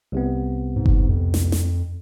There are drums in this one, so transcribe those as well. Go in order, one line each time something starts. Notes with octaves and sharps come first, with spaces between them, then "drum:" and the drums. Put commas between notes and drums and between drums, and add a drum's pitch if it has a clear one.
C2 C3 B3
G#2
drum: kick F#1
F2
drum: snare
drum: snare